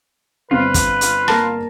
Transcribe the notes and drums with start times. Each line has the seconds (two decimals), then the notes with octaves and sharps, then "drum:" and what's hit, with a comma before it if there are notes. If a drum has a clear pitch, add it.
0.51 G1 C4 F4 B4
0.74 drum: kick, hi-hat
1.01 drum: hi-hat
1.28 A#3 A#4 A5, drum: rim click